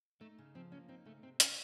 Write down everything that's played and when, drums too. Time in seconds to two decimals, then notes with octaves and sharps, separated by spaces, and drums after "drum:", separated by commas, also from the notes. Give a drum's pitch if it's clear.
0.21 A3 D#4
0.38 C#3
0.55 F3 C4
0.72 A#3 C#4
0.88 C4 D#4
1.05 C#3 A3
1.23 C3 C4
1.40 C3 C#4, drum: hi-hat